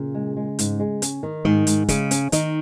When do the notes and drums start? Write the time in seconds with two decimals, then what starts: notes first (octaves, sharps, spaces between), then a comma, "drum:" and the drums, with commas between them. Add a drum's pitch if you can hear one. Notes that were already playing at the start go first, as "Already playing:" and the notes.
Already playing: A#2 C#3
0.14 G#3
0.37 G#3
0.59 G#2, drum: hi-hat
0.79 G#3
1.02 C#4, drum: hi-hat
1.23 D#3
1.45 G#2 D#3
1.67 G#2, drum: hi-hat
1.88 C#3 G#3, drum: kick, hi-hat
2.11 C#4, drum: hi-hat
2.32 D#3 D#4, drum: hi-hat